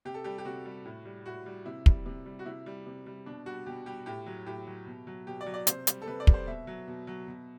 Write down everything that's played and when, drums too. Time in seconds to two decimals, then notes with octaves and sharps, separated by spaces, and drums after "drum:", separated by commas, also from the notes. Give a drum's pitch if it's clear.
0.05 C3 G4
0.14 A4
0.24 G3 G4
0.38 G4
0.45 C3 F#4
0.66 G3
0.85 A2
1.05 G3
1.26 A2 F#4
1.46 G3
1.65 C3 E4
1.86 G3, drum: kick
2.06 C3
2.26 G3
2.39 F#4
2.46 C3 E4
2.66 G3
2.86 C3
3.06 G3
3.26 B2 D4
3.46 G3 F#4
3.66 B2 G4
3.86 G3 G4
4.06 A2 G4
4.26 F#3
4.46 A2 G4
4.67 F#3
4.86 B2
5.07 F#3
5.27 B2 G4
5.41 D5
5.46 F#3
5.54 D5
5.67 C3 C5, drum: hi-hat
5.87 G3, drum: hi-hat
6.02 A4
6.07 C3 B4
6.20 D5
6.27 G3, drum: kick
6.34 C5
6.47 B2 E5
6.67 F#3
6.87 B2
7.07 F#3
7.28 B2